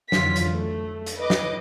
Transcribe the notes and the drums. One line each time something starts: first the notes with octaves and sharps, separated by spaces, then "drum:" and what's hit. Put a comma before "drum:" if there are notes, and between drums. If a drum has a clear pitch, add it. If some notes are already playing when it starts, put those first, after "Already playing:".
F2 D3 E3 F#3 F4 B6, drum: snare
drum: hi-hat
A3
drum: hi-hat
B4 D#5 D6
drum: snare